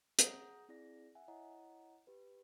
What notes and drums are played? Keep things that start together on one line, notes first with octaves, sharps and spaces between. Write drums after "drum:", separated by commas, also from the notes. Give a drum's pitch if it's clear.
G#4 F#5 A#5 D#6 G6 A#6, drum: hi-hat
C4 E4 G#4 D5 A#6
E5 F#5 G#5
E4 C#5 D#5 F#5 A#5
G4 B4